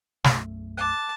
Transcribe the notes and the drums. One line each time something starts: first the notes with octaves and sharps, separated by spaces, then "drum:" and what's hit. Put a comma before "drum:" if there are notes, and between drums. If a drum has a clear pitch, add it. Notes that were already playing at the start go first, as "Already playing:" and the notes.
B1 F#2 A3, drum: snare
A5 D6 F#6